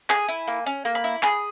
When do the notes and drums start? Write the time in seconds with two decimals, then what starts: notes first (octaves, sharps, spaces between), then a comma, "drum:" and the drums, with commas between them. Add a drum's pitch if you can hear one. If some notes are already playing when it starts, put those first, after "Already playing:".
0.10 G#4 G#5, drum: clap
0.28 E4
0.48 A#3
0.66 C#4
0.85 A#3
0.95 B5
1.04 E4
1.23 G#4, drum: clap